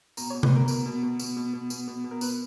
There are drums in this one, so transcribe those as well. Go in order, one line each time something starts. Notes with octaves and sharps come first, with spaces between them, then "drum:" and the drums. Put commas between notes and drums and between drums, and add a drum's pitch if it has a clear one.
B2 A#5, drum: tambourine
C#5
B2
B4, drum: tom C3
B2 A#4
B2 A#4, drum: tambourine
B2
B2
B2, drum: tambourine
B2
B2
B2, drum: tambourine
B2
B2
A#4
B2 B4, drum: tambourine